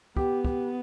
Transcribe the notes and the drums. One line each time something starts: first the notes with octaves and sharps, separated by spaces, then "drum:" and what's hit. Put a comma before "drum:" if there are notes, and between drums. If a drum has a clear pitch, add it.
B3 G4, drum: kick
G4, drum: kick